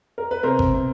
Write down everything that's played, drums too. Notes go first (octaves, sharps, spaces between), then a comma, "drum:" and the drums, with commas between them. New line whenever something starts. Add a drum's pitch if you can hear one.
A#4
B4
C3 A#4 C5
drum: kick G1
C3